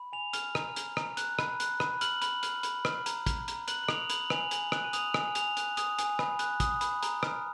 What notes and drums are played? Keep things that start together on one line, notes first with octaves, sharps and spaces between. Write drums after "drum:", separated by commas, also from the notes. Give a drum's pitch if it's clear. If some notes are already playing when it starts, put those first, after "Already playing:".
Already playing: B5
G#5 F7
F6, drum: hi-hat
A#5, drum: rim click
F6, drum: hi-hat
A#5, drum: rim click
F#6, drum: hi-hat
B5, drum: rim click
F#6, drum: hi-hat
B5, drum: rim click
F6 F#7, drum: hi-hat
B5, drum: hi-hat
F6, drum: hi-hat
B5, drum: hi-hat
F6, drum: rim click
A#5, drum: hi-hat
F6, drum: kick, hi-hat
A#5, drum: hi-hat
F#6 F#7, drum: hi-hat
F#7
D#6 F7, drum: rim click
B5 F#7, drum: hi-hat
G#5 F7, drum: rim click
G#5 F#7, drum: hi-hat
F#6, drum: rim click
D#7
D#6 F7, drum: hi-hat
G#5, drum: rim click
G#5 F7, drum: hi-hat
F#6, drum: hi-hat
D#6, drum: hi-hat
G#5, drum: hi-hat
B5, drum: rim click
F#6, drum: hi-hat
D#6, drum: kick, hi-hat
B5, drum: hi-hat
A#5, drum: hi-hat
F6, drum: rim click